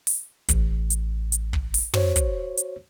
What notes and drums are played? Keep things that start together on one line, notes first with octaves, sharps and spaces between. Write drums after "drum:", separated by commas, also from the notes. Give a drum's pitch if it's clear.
drum: open hi-hat
A1, drum: kick, hi-hat
drum: hi-hat
drum: hi-hat
drum: kick
drum: open hi-hat
F#4 C5 C#5, drum: tom
drum: kick, hi-hat
drum: hi-hat